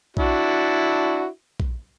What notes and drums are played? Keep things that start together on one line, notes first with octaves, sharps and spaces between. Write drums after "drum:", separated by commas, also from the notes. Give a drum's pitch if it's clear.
D4 E4 F#4, drum: kick A#1
drum: kick A#1